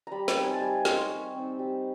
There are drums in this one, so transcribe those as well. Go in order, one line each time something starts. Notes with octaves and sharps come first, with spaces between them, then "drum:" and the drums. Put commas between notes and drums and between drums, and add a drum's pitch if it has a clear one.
G3 A#5 B5
A#5, drum: snare
C4 D#4
G#5
A5
G3 G#5
G#5
C4 D#4 C6, drum: snare
C#6
G3 E6
C4 D#4
G3